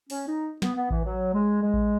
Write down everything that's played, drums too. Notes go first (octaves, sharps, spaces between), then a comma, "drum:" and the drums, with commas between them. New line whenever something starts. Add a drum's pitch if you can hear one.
C#4, drum: open hi-hat
D#4
B3, drum: snare
B3
E3, drum: kick A1
F#3
G#3
G#3
drum: kick A1